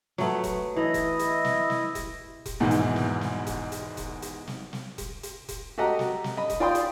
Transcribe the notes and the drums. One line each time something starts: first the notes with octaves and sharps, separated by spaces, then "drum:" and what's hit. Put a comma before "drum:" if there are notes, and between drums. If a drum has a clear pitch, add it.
F#3 A3 B3, drum: snare
drum: kick E1, hi-hat
E3 E4 D#5
drum: kick E1, hi-hat
drum: hi-hat
drum: snare
drum: snare
drum: kick E1, hi-hat
drum: kick E1, hi-hat
E2 G#2 B2 D#3 E3
drum: hi-hat
drum: snare
drum: snare
drum: kick E1, hi-hat
drum: hi-hat
drum: kick E1, hi-hat
drum: hi-hat
drum: snare
drum: snare
drum: kick E1, hi-hat
drum: hi-hat
drum: kick E1, hi-hat
F#4 G4 A4 D#5 F#5 A#5
drum: snare
drum: snare
D#5 B5
drum: kick E1, hi-hat
F4 D5 G5 B5 C6 D#6
drum: hi-hat